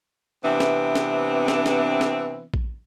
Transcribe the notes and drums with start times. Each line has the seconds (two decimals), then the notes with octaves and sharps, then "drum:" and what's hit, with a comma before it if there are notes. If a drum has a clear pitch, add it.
0.43 C3 E3 B3 C4 D4
0.60 drum: snare
0.95 drum: snare
1.48 drum: snare
1.66 drum: snare
2.01 drum: snare
2.54 drum: kick A#1